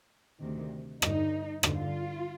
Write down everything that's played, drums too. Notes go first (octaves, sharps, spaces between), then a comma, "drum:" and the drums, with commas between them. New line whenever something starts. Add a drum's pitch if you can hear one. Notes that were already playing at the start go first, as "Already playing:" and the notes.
D2 C3 D#3
G2 D3 D#4, drum: rim click
G2 D3 F4, drum: rim click